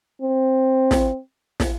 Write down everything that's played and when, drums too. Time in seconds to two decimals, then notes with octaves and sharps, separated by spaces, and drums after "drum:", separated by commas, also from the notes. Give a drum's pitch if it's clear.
0.22 C4
0.91 drum: snare
1.60 drum: snare